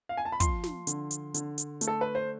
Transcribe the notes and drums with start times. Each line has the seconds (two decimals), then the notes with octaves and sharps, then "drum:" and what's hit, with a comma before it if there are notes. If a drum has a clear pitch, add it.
0.09 F5
0.17 G#5
0.25 A5
0.32 B5
0.40 F3 C6, drum: kick, hi-hat
0.64 drum: snare
0.87 D3, drum: hi-hat
1.11 drum: hi-hat
1.34 D3, drum: hi-hat
1.58 drum: hi-hat
1.81 A3, drum: hi-hat
1.87 A4
2.01 B4
2.15 C5